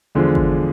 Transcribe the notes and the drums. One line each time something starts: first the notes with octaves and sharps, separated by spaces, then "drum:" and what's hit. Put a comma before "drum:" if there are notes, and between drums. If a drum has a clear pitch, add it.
E2 D3 F3 G#3
drum: kick